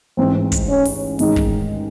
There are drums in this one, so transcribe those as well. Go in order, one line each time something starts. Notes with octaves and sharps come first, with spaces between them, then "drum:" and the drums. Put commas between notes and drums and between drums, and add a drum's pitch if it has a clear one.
A1 G#2 E3 C4
drum: kick, hi-hat
C#4
drum: open hi-hat
A1 G#2 D#3 G#3 D#4, drum: open hi-hat
drum: kick